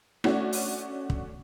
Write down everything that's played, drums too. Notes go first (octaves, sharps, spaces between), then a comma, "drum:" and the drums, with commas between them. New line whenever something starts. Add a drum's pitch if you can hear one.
A3 C#4 D4 F#4, drum: rim click
drum: open hi-hat
drum: kick